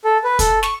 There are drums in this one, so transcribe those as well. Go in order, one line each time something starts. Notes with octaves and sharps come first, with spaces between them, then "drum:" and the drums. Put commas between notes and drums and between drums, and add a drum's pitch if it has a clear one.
A4
B4
A4, drum: kick, hi-hat
C#6, drum: snare